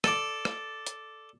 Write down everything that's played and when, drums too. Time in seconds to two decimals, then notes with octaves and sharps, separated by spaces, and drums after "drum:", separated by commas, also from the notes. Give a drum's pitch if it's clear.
0.04 A4 D5, drum: rim click
0.45 drum: rim click
0.87 drum: hi-hat